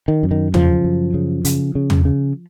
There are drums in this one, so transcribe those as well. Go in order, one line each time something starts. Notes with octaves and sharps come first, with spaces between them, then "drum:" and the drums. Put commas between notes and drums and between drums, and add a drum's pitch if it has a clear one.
D#3
F#2
D#3
C#3 F3, drum: tom
F#2
C#3
C#3, drum: hi-hat
C#3
drum: tom
C#3